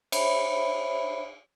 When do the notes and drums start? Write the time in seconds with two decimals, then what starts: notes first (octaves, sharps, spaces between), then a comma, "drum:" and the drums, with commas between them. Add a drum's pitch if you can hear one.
0.12 C5 C#5 E5 B5, drum: cymbal